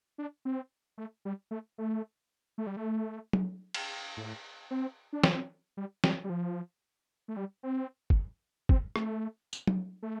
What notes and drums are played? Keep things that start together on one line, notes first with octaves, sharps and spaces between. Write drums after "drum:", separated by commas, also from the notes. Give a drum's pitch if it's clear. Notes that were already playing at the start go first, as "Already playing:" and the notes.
D4
C4
A3
G3
A3
A3
A3
G3
A3
drum: tom F#3
drum: cymbal
A2
C4
D4
C4, drum: snare
G3
G3, drum: snare
G3
F3
A3
G3
C4
drum: kick
C4, drum: kick
A3, drum: rim click
drum: tambourine
drum: tom F#3
A3